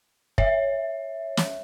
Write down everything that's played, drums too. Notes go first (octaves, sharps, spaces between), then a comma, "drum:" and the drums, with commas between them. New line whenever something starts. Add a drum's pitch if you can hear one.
C#5 E5, drum: kick
drum: snare